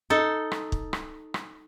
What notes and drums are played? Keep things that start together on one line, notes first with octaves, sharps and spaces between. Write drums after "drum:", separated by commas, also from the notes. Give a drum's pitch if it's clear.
D#4 A4
drum: rim click
drum: kick
drum: rim click
drum: rim click